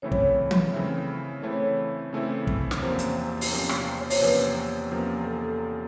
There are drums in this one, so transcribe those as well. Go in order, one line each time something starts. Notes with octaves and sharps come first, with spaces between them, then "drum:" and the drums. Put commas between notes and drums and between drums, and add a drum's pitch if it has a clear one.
C#3 E3 A3 C4 E4 C#5
drum: kick
drum: tom E3
C#3 E3 A3 C4 E4
C#3 E3 A3 C4 E4 C#5
C#3 E3 A3 C4 E4
drum: kick
drum: snare
E2 C3 F3 A#3 C#4 C5
drum: hi-hat
drum: open hi-hat
E2 C3 F3 A#3 C#4
drum: rim click
C#5
C5, drum: open hi-hat
E2 C3 F3 A#3 C#4 B4
E2 C3 F3 A#3 C#4
A4